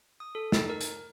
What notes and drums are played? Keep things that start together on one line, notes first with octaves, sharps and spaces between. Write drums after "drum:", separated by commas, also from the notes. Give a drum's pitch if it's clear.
D#6
A4
D#4, drum: snare
A#4
drum: hi-hat